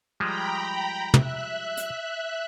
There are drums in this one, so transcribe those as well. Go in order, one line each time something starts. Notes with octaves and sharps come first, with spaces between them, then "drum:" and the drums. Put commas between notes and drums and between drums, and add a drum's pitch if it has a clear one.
F3 G3 G#3 G5 A#5 B5
E5 F#6, drum: tom
drum: hi-hat